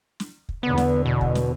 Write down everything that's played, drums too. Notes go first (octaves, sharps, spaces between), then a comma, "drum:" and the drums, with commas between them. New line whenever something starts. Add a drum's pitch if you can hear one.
drum: snare
drum: kick
E2 D3 B3
drum: snare
B2
drum: kick
drum: snare